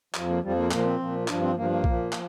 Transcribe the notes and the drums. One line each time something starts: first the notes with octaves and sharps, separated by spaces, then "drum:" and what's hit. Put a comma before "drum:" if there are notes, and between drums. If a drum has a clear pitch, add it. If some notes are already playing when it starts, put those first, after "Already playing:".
F2 F3, drum: clap
A#3
F2 F3 G3
A#3
A#2 F3 A#3, drum: clap
C4
A#2 F3
G2 F3 D4, drum: clap
C4
G2 F3 A#3
A#3
A#2 F3, drum: kick B1
F3, drum: clap